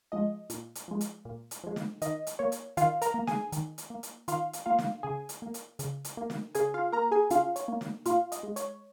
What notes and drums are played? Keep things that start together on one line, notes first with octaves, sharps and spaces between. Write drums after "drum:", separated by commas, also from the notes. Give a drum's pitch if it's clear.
F3 G#3 D#5
A#2, drum: hi-hat
drum: hi-hat
F3 G#3
drum: hi-hat
A#2
drum: hi-hat
F3 G#3
drum: snare
D#3 D#5, drum: hi-hat
drum: hi-hat
A#3 C#5
drum: hi-hat
D#3 F4 F5, drum: hi-hat
A#4 A#5, drum: hi-hat
A#3
G#4 G#5, drum: snare
D#3, drum: hi-hat
drum: hi-hat
A#3
drum: hi-hat
D#3 F4 F5, drum: hi-hat
drum: hi-hat
A#3 F4 F5
drum: snare
C#3 G#4 G#5
drum: hi-hat
A#3
drum: hi-hat
C#3, drum: hi-hat
drum: hi-hat
A#3
drum: snare
C#3 G#4 G#5, drum: hi-hat
F4 F5
A#3 A#4 A#5
G#4 G#5
C#3 F4 F5, drum: hi-hat
C#5, drum: hi-hat
A#3
drum: snare
A#2 F4 F5, drum: hi-hat
D#5, drum: hi-hat
G#3
C#5, drum: hi-hat